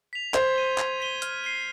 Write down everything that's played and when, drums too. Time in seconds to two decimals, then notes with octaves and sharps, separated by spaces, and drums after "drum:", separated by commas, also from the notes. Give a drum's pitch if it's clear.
0.13 B6 F7
0.34 C5 G#6, drum: clap
0.56 B6 D#7 G7
0.78 G#6, drum: clap
1.00 B6 D#7 G7
1.22 F6, drum: hi-hat
1.44 C7 D#7 G7